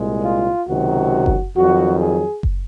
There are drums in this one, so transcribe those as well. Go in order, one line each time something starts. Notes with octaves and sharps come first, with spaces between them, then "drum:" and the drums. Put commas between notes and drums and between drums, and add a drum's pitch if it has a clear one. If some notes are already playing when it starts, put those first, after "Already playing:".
Already playing: C2 A#2 G#3
F4
C#2 C3 D#3 F#3 F#4
drum: kick F#1
F2 D#3 F#3 F#4
G#4
drum: kick F#1